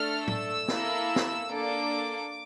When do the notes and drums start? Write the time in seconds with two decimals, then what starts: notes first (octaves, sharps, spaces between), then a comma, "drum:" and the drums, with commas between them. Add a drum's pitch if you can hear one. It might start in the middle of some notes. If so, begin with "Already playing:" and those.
Already playing: A3 D4 A4 F6
0.27 E6, drum: tom
0.68 A#3 E4 A4, drum: snare
1.16 drum: snare
1.50 A#3 D4 A4 D6